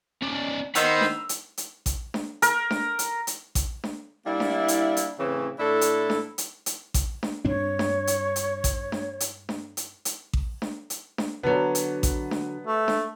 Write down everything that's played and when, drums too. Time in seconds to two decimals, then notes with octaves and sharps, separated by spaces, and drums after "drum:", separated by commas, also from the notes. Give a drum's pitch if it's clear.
0.22 C#4 D5
0.75 D#3 D#4 C5 F#5 B5 E6 F7, drum: hi-hat
1.01 drum: snare D4
1.29 drum: hi-hat
1.57 drum: hi-hat
1.86 drum: kick A1, hi-hat
2.14 drum: snare D4
2.42 A#4, drum: hi-hat
2.71 drum: snare D4
2.99 drum: hi-hat
3.27 drum: hi-hat
3.55 drum: kick A1, hi-hat
3.84 drum: snare D4
4.26 G3 A#3 D4 E4
4.40 drum: snare D4
4.68 drum: hi-hat
4.97 drum: hi-hat
5.19 A2 C#3 E3 C4 C#4
5.59 A2 D4 E4 A4
5.81 drum: hi-hat
6.10 drum: snare D4
6.38 drum: hi-hat
6.66 drum: hi-hat
6.94 drum: kick A1, hi-hat
7.23 drum: snare D4
7.45 G2 C4 D4 C#5
7.79 drum: snare D4
8.07 drum: hi-hat
8.36 drum: hi-hat
8.64 drum: kick A1, hi-hat
8.92 drum: snare D4
9.20 drum: hi-hat
9.49 drum: snare D4
9.77 drum: hi-hat
10.05 drum: hi-hat
10.33 drum: kick A1
10.62 drum: snare D4
10.90 drum: hi-hat
11.18 drum: snare D4
11.43 D3 F#3 B3
11.75 drum: hi-hat
12.03 drum: kick A1, hi-hat
12.31 drum: snare D4
12.67 A3
12.88 drum: snare D4